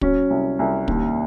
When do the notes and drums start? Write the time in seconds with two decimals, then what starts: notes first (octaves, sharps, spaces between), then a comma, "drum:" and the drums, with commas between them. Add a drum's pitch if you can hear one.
0.01 F#3 C#4, drum: kick
0.30 C2
0.59 C2
0.88 D#2, drum: kick